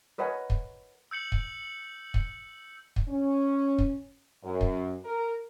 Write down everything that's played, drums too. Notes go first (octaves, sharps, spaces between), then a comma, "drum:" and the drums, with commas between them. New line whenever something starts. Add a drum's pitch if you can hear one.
A#4 B4 C#5 D#5 F#5 G#5
drum: kick
E6 G6 C#7 F#7
drum: kick
drum: kick
drum: kick
C#4
drum: kick
F#2
drum: kick
A#4